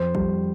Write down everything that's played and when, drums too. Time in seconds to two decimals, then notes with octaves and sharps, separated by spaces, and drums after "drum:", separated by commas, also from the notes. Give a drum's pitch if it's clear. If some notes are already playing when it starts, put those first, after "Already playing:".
Already playing: F2 C5
0.15 G3, drum: kick